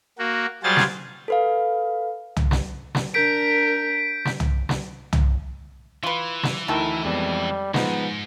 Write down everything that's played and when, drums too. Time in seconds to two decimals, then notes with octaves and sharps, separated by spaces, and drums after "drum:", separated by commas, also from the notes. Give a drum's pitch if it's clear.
0.18 A#3 F#4
0.63 F#3 G3 F4 G#4 C5 A6
0.77 drum: snare
1.28 A4 B4 F5
2.36 drum: tom
2.51 drum: snare
2.95 drum: snare
3.14 D4 A#4 G6 B6 D7
4.25 drum: snare
4.40 drum: tom
4.69 drum: snare
5.13 drum: tom
6.03 E3 F4 B4
6.43 drum: snare
6.68 D2 D#3 E4 A4 A#4
7.04 F2 G3 G#3 B3
7.74 D#2 G#2 F3 G#3 B3 D#4, drum: snare